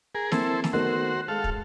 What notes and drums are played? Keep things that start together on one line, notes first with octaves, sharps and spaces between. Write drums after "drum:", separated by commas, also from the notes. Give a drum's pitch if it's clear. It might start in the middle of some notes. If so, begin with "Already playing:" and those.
G#4 A#4
A#3 C4 E4 A4 C5, drum: snare
drum: snare
D#3 A3 B3 F#4 C5
G#3 A4 F5
drum: kick